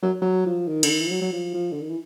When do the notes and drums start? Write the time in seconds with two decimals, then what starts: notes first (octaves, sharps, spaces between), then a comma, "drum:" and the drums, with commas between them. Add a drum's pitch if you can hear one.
0.03 F#3
0.22 F#3
0.46 F3
0.68 D#3
0.83 D3, drum: cymbal
0.89 D#3
1.00 E3
1.07 F3
1.11 F#3
1.21 F#3
1.33 F3
1.54 F3
1.72 D3
1.81 D#3
1.89 E3